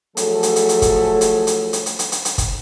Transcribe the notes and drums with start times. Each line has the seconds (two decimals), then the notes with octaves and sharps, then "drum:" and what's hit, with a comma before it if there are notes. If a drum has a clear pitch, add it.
0.17 F3 F#3 A3 G#4 A4, drum: hi-hat
0.43 drum: hi-hat
0.56 drum: hi-hat
0.69 drum: hi-hat
0.82 drum: kick, hi-hat
1.21 drum: hi-hat
1.47 drum: hi-hat
1.73 drum: hi-hat
1.86 drum: hi-hat
1.99 drum: hi-hat
2.12 drum: hi-hat
2.25 drum: hi-hat
2.38 drum: kick, hi-hat